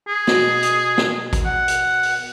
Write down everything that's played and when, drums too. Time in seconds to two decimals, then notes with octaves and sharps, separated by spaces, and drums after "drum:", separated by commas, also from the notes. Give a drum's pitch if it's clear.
0.08 G#4
0.27 B2, drum: snare
0.63 drum: hi-hat
0.98 drum: snare
1.33 drum: kick G#1, hi-hat
1.45 F#5
1.68 drum: hi-hat
2.03 drum: open hi-hat